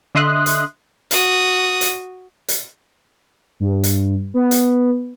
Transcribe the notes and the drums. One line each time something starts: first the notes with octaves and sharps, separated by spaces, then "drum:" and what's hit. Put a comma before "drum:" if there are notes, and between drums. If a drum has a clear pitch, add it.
D3 D#5 E5 C6 D#6 F#6
drum: hi-hat
F#4 D#6, drum: hi-hat
drum: hi-hat
drum: hi-hat
G2
drum: hi-hat
B3
drum: hi-hat